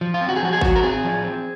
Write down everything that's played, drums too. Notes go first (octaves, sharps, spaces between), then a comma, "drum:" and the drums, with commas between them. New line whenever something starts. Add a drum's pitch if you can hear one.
F3
F4
C4
F#4
G#4
F3 F#4
G#4
F3 F#4, drum: kick G#1
A#4
C4 G#4
F3
C4